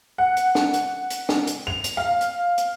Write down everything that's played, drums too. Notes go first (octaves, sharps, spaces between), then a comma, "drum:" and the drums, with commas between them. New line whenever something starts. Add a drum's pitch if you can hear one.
F#5
drum: hi-hat
drum: snare
drum: hi-hat
drum: hi-hat
drum: snare
drum: hi-hat
F7
drum: hi-hat
F5
drum: hi-hat
drum: hi-hat